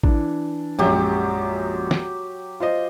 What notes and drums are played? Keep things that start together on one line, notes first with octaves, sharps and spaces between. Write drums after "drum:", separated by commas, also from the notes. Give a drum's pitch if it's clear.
E3 D4, drum: kick A1
A#1 F#2 F#3 G#3 G4
drum: snare
F4 C5 D#5